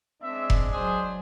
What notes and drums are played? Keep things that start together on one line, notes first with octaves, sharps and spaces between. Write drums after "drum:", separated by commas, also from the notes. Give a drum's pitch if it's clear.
G#3 C4 D4 E5
drum: kick F1
F#3 G#4 C5